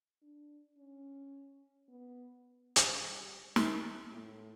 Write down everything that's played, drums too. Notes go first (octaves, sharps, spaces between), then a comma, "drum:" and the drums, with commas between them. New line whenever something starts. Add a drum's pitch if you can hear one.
D4
C#4
B3
drum: hi-hat
G3
drum: snare
A2